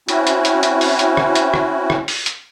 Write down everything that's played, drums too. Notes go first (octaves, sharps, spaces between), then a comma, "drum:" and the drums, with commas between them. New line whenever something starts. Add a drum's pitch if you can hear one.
C4 C#4 E4 F#4, drum: hi-hat
drum: hi-hat
drum: hi-hat
drum: hi-hat
drum: open hi-hat
drum: hi-hat
drum: rim click
drum: hi-hat
drum: rim click
drum: rim click
drum: open hi-hat
drum: hi-hat